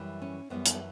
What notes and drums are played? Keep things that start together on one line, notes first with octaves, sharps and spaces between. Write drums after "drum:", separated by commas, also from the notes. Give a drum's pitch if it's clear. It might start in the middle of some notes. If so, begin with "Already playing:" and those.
Already playing: F#2 E3 G3
C#4
F#2 E3 G3 B3
drum: hi-hat